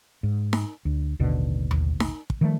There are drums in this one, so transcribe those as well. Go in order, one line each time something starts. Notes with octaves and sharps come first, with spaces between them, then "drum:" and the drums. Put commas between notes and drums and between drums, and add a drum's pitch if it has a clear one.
G#2
drum: snare D#4
D2
A1 D#2 B2 D3
drum: tom D#2
drum: snare D#4
drum: kick
D#3 F3 G3 A3